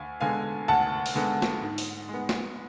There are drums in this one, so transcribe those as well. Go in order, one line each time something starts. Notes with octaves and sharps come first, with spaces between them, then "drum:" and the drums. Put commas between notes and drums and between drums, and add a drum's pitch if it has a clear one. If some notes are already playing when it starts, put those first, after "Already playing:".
Already playing: D2 F5 G#5
D3 G#3 B3 F5 G#5
D2 F#5 A5
drum: open hi-hat
D3 G#3 B3
drum: snare
G#2
drum: open hi-hat
G#3 B3
drum: snare